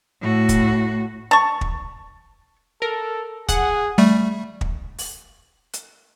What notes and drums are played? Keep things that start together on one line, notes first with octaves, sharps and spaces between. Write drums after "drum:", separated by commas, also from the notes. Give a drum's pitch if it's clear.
A2 F#4
drum: kick, hi-hat
A5 C#6
drum: kick
A4 A#4
G#4 F#5, drum: kick, hi-hat
G3 A3
drum: kick
drum: open hi-hat
drum: hi-hat